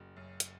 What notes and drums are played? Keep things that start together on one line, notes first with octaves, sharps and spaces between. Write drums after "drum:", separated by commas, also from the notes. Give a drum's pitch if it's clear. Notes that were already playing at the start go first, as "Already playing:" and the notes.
Already playing: F#1 F#3
F#2
drum: hi-hat